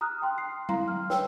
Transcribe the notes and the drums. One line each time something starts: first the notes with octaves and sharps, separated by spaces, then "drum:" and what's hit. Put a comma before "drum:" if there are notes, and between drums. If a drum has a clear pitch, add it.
A#5 D#6 F6 F#6
G5 C6
C7
E4 F5 A#5 C6, drum: tom F#3
F6
B4 C#5 G5 E6, drum: snare